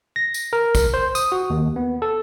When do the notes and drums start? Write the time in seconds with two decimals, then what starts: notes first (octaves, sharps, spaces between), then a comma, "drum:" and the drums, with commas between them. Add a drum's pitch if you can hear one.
0.16 A#6
0.34 drum: tambourine
0.53 A#4
0.75 drum: kick, tambourine
0.94 C5
1.15 D#6, drum: tambourine
1.32 F#4
1.50 D#2
1.76 B3
2.02 A4